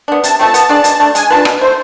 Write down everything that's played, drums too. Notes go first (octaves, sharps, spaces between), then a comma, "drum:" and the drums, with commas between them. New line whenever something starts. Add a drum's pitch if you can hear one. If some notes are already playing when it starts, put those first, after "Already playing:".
B3 D4
C3 A5, drum: hi-hat
F3 A3 C4 A5
B3, drum: hi-hat
D4 G#4 D5
B2, drum: hi-hat
A3 D4
G#3 G#5, drum: hi-hat
D4 F4 B4 A5
B2, drum: rim click
A3 E4 C5